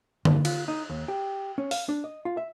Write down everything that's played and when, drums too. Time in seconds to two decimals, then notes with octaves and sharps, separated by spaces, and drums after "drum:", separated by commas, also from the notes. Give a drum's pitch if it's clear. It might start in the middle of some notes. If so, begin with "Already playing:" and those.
0.25 G2, drum: tom D3
0.45 F4, drum: cymbal
0.68 D#4
0.90 D#2
1.08 G4
1.58 C#4
1.71 F5, drum: open hi-hat
1.89 D4
2.04 D#5
2.25 F4
2.37 E5